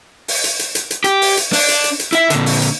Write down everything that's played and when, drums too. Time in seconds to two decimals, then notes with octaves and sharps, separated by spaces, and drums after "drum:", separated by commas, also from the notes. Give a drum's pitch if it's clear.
0.28 drum: open hi-hat
0.44 drum: hi-hat
0.59 drum: hi-hat
0.75 drum: hi-hat
0.91 drum: hi-hat
1.04 G4, drum: hi-hat
1.22 drum: open hi-hat
1.37 drum: hi-hat
1.53 D4, drum: open hi-hat
1.68 drum: hi-hat
1.84 drum: hi-hat
1.99 drum: hi-hat
2.13 E4 E5, drum: hi-hat
2.30 A#2 D3, drum: hi-hat
2.46 drum: open hi-hat
2.62 drum: hi-hat